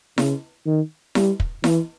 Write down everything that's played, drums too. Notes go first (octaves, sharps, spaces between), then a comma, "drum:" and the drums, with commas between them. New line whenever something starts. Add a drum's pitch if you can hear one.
C#3, drum: snare E4
D#3
G3, drum: snare E4
drum: kick
E3, drum: snare E4